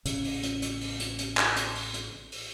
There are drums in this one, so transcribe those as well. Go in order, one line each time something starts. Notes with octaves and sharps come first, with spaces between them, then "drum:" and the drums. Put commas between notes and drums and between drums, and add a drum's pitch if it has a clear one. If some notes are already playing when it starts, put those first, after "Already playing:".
A1 C#3, drum: hi-hat
drum: open hi-hat
drum: hi-hat
drum: hi-hat
drum: open hi-hat
drum: hi-hat
drum: hi-hat
drum: clap
drum: hi-hat
drum: open hi-hat
drum: hi-hat
drum: open hi-hat